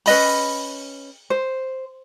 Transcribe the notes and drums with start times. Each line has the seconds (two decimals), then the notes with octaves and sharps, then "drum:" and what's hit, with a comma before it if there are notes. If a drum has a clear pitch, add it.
0.06 C#4 B4 D#5 B5, drum: open hi-hat
1.30 C5